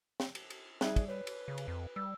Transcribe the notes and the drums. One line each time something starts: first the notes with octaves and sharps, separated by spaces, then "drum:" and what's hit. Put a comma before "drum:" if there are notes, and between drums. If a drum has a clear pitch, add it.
drum: snare
drum: cymbal
drum: cymbal
G3 D#4 G#4 E5 F#6, drum: snare
drum: kick, cymbal
B4 C#5
drum: cymbal
C#3
drum: cymbal
F2
G3 E6